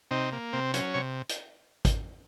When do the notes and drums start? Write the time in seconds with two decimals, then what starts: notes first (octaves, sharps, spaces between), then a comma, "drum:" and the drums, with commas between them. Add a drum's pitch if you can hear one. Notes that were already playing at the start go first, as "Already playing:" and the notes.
0.11 C3 C4 D#4
0.32 A#3
0.53 C3 C4
0.74 F#3 C#4, drum: hi-hat
0.94 C3 C#5
1.29 drum: hi-hat
1.85 drum: kick, hi-hat